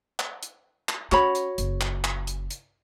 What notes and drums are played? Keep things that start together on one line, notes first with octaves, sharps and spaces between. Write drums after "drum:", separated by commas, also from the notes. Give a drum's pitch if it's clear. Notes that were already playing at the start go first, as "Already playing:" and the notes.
drum: clap
drum: hi-hat
drum: clap
C#4 F#4 C#5 B5, drum: clap
drum: hi-hat
F#1, drum: hi-hat
drum: clap
drum: clap
drum: hi-hat
drum: hi-hat